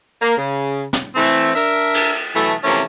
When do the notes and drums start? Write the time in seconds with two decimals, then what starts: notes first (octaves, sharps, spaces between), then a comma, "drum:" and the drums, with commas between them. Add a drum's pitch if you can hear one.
0.21 A#3
0.37 C#3
0.93 drum: snare
1.15 E3 A3 C4
1.55 D4 A#4 E5
1.94 drum: cymbal
2.35 B2 E3 F#3 A3
2.64 C3 E3 F3 A3 A#3 C#4